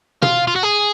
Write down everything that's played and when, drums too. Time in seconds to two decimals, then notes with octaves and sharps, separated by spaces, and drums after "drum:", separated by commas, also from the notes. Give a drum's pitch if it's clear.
0.22 F4, drum: tom
0.47 F4
0.56 F#4
0.63 G#4